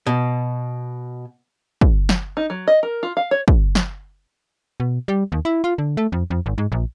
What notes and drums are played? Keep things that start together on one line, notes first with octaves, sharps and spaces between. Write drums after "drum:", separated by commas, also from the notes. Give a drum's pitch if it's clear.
B2
drum: kick
drum: snare
D#4
F#3
D#5
A#4
F4
F5
C#5
drum: kick
drum: snare
B2
G3
D#2
E4
F4
D3
A3
F2
F2
G#1
G#2
A#1